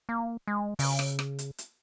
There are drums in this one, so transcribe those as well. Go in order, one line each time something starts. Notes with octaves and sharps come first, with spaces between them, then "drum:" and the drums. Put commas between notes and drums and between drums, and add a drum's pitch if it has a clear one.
A#3
G#3
C#3, drum: open hi-hat
drum: rim click
drum: rim click
drum: hi-hat
drum: hi-hat